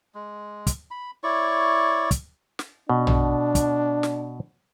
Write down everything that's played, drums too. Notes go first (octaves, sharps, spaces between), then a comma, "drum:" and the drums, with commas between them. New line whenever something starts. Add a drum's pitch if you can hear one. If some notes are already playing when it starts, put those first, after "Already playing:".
G#3
drum: kick, hi-hat
B5
E4 C#5 D5 C#6
drum: kick, hi-hat
drum: snare
B2 D4
drum: tom A#1
drum: kick, hi-hat
drum: snare